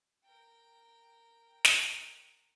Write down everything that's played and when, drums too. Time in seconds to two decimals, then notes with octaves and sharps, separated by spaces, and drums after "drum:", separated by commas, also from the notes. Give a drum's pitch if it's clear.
0.24 A#4 G5
1.65 drum: snare